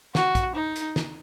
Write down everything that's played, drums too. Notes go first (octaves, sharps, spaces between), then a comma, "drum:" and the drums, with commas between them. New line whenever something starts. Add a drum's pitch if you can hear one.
F#4, drum: snare
drum: kick A#1, hi-hat
D#4
drum: hi-hat
drum: snare